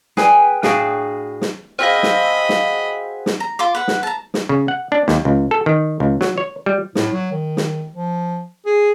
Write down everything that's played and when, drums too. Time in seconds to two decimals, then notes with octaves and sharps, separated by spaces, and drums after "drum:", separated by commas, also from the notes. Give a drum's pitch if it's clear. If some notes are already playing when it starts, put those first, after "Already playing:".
0.17 G#4 B4 G5 G#5, drum: snare
0.63 A2 D4 F#4 G#4 F5 G5, drum: snare
1.41 drum: snare
1.79 C4 F#4 G#4 C5 D#5 F5 B5
2.03 drum: snare
2.49 drum: snare
3.26 drum: snare
3.40 A#5
3.59 F4 C6 D6
3.75 B4 F#5
3.88 drum: snare
4.03 A5 A#5
4.34 drum: snare
4.49 C#3
4.68 F#5
4.92 D4
5.08 D#2, drum: snare
5.25 C#2
5.51 A4
5.66 D#3
6.00 C#2
6.21 F#3, drum: snare
6.38 C#5
6.66 G3
6.95 A2, drum: snare
7.13 F#3
7.32 D#3
7.57 drum: snare
7.95 F3
8.66 G#4